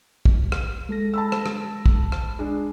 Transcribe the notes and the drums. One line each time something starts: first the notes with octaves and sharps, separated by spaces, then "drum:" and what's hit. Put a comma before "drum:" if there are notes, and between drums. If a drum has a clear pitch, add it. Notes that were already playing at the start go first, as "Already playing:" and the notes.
drum: kick
drum: rim click
G#3 A4 A#6
A5 B5 E6
drum: rim click
drum: rim click
drum: kick
drum: rim click
G#3 D4